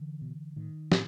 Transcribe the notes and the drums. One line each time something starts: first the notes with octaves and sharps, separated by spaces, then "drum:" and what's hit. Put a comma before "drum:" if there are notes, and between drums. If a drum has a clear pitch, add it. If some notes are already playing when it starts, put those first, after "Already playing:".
Already playing: D3 E3
B2
A2 D#3
A2, drum: snare